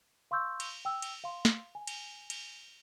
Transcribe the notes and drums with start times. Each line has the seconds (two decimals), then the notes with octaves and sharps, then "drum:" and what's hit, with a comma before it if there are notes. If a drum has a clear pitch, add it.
0.31 F5 C6 C#6 E6 G6
0.60 drum: cymbal
0.85 G5 E6
1.02 drum: cymbal
1.24 F5 C6
1.45 drum: snare
1.75 G#5
1.87 drum: cymbal
2.30 drum: cymbal